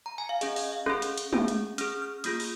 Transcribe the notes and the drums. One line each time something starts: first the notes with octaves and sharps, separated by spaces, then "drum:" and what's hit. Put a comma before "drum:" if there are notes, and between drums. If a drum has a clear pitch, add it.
A#5
G#5
F5
C#4 G#4 D#5, drum: hi-hat
D#5, drum: open hi-hat
F5
C#4 G#4, drum: rim click
drum: hi-hat
drum: hi-hat
C#4 G#4, drum: tom G#3
drum: hi-hat
C#4 G#4 F6, drum: hi-hat
F6
A#3 F4 G#4 D#6, drum: hi-hat
drum: open hi-hat